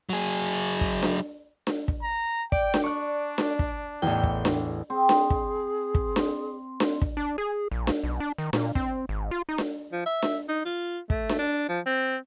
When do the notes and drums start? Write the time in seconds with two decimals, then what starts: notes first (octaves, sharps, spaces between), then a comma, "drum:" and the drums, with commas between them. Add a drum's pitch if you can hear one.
0.09 F#3 G#4
0.81 drum: kick
1.03 drum: snare D4
1.67 drum: snare D4
1.88 drum: kick
2.03 A#5
2.52 D5 G5, drum: kick
2.74 drum: snare D4
2.84 D4 C#6 F#6
3.38 drum: snare D4
3.59 drum: kick
4.02 A1 E2 G5
4.23 drum: kick
4.45 drum: snare D4
4.90 C4 G#4
5.09 drum: snare D4
5.30 drum: kick
5.95 drum: kick
6.16 drum: snare D4
6.80 drum: snare D4
7.02 drum: kick
7.17 D4
7.38 G#4
7.71 A#1
7.87 drum: snare D4
8.04 B1
8.20 D4
8.38 D#3
8.53 A#2, drum: snare D4
8.75 C4, drum: kick
9.09 G#1
9.31 F4
9.49 D#4
9.58 drum: snare D4
9.92 F3
10.06 E5
10.22 drum: snare D4
10.49 D#4
10.65 F4
11.10 A3, drum: kick
11.29 drum: snare D4
11.39 D4
11.69 F3
11.86 C4